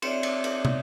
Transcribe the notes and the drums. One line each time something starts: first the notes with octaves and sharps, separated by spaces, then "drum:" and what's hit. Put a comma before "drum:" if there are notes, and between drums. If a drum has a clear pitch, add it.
C4 C#5 D5 E5, drum: cymbal
drum: cymbal
drum: cymbal
drum: tom